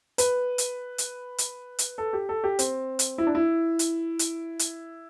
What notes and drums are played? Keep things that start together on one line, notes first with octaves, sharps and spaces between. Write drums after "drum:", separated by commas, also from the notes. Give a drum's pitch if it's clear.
B4, drum: hi-hat
drum: hi-hat
drum: hi-hat
drum: hi-hat
drum: hi-hat
A4
G4
A4
G4
C4, drum: hi-hat
drum: hi-hat
E4
D4
E4
drum: hi-hat
drum: hi-hat
drum: hi-hat